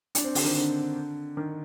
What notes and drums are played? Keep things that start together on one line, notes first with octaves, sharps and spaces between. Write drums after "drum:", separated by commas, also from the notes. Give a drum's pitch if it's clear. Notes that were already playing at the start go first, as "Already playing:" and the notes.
D4, drum: hi-hat
C4
D3, drum: open hi-hat
D#3
D3
D#3